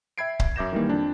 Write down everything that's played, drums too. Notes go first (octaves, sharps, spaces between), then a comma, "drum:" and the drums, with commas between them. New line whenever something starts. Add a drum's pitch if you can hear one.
E5 G5 B5 G#6 C7 D7
drum: kick C#1
F#2 E5 D6 G6 A#6 E7
D#3 E3 G3 A#3
F2 D4